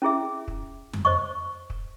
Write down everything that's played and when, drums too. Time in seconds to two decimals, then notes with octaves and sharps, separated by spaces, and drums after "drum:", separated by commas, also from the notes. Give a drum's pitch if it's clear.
0.02 C#4 E4 G#4 E5
0.48 drum: kick
0.93 drum: tom F2
1.05 C5 D#5 C#6
1.70 drum: kick